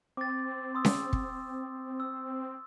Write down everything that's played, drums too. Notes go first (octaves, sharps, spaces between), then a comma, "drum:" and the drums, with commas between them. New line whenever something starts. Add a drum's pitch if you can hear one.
C4 D6 A6
C6 D#6 E6
drum: snare C#4
drum: kick
E6